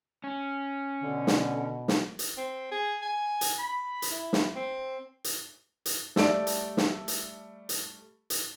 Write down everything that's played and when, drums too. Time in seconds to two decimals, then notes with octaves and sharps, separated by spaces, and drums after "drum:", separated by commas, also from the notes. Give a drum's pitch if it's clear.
0.24 C#4
1.03 B2 D3
1.27 drum: snare
1.88 drum: snare
2.19 drum: hi-hat
2.37 C4
2.72 G#4
3.02 G#5
3.41 drum: hi-hat
3.59 B5
4.02 drum: hi-hat
4.12 E4
4.33 drum: snare
4.55 C4
5.24 drum: hi-hat
5.86 drum: hi-hat
6.16 G3 A3 A4 D5 D7, drum: snare
6.47 drum: hi-hat
6.77 drum: snare
7.08 drum: hi-hat
7.69 drum: hi-hat
8.30 drum: hi-hat